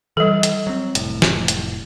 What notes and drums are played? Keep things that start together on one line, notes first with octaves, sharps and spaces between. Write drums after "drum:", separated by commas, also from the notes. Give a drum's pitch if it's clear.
E3 G3 A4
drum: hi-hat
F#3 C4
F1 A2, drum: hi-hat
drum: snare
drum: hi-hat